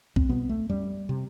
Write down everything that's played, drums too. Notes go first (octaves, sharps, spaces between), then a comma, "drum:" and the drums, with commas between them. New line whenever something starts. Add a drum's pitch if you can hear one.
C4, drum: kick
C2 B2 B3
A3
F#2 G3
C3